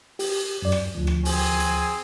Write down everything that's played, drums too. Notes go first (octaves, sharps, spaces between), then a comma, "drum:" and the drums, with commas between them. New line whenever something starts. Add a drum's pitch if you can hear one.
G4, drum: open hi-hat
F#2 D5
drum: rim click
D2 F3
drum: rim click
C4 G#4 G#5, drum: open hi-hat
drum: hi-hat